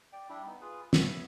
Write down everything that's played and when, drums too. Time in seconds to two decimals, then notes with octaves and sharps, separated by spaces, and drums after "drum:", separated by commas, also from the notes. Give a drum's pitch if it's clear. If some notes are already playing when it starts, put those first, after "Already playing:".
0.13 D5 G5
0.29 G3 D4 E4 G4
0.46 B3 D#4
0.61 F4 G#4 B4
0.93 B3 C#5 E5, drum: snare